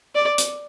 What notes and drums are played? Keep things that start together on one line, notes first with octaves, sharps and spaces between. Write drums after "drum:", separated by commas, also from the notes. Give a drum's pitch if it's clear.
D5
drum: hi-hat